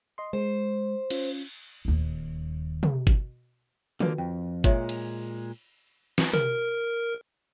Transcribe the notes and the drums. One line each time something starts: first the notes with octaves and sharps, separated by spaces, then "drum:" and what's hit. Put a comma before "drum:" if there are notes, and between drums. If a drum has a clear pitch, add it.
D#5 C6
G#3 C5
C#4 F4, drum: cymbal
D#1 D#2
drum: tom
drum: kick G1
D3 A#3 F4 F#4 B4, drum: tom
F2 G5
A#2 G#3 F4 C#5 E5, drum: kick G1
drum: cymbal
drum: snare
A#4, drum: tom